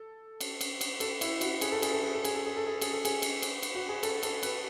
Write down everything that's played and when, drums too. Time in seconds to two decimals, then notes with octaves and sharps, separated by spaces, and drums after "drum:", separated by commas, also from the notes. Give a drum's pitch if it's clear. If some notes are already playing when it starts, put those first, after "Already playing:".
Already playing: A4
0.40 drum: cymbal
0.61 drum: cymbal
0.81 drum: cymbal
1.00 A4, drum: cymbal
1.21 E4, drum: cymbal
1.41 F#4, drum: cymbal
1.61 G#4, drum: cymbal
1.72 A4
1.82 G#4, drum: cymbal
1.93 A4
2.03 G#4
2.14 A4
2.24 G#4, drum: cymbal
2.35 A4
2.46 G#4
2.57 A4
2.67 G#4
2.81 G#4, drum: cymbal
2.93 A4
3.05 G#4, drum: cymbal
3.22 drum: cymbal
3.42 drum: cymbal
3.63 drum: cymbal
3.75 F#4
3.89 G#4
4.03 A4, drum: cymbal
4.23 A4, drum: cymbal
4.43 B4, drum: cymbal